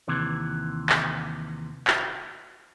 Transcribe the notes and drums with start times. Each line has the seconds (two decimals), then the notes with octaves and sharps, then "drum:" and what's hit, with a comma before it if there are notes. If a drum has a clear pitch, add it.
0.08 D#2 C3 E3
0.89 drum: clap
1.87 drum: clap